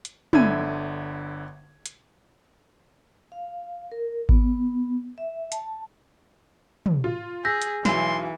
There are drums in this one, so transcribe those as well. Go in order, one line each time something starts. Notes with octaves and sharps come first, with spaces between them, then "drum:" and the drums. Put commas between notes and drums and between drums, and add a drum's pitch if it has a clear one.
drum: hi-hat
G1 D3 E5 B5 G#6 D#7, drum: tom
drum: hi-hat
F5
A#4
B3, drum: kick G#1
E5
A5, drum: hi-hat
drum: tom
F4
G#4 E6 G6 A#6 B6
drum: hi-hat
B1 E3 F#3 G#5 C6, drum: snare